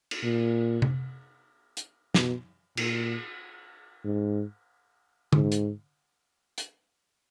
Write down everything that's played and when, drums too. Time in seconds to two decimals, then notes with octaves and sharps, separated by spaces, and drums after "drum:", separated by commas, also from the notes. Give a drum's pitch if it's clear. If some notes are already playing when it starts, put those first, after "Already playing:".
0.11 drum: cymbal
0.23 A#2
0.82 drum: tom C3
1.77 drum: hi-hat
2.14 B2, drum: snare
2.77 A#2, drum: cymbal
4.05 G#2
5.33 G#2, drum: tom D3
5.52 drum: hi-hat
6.58 drum: hi-hat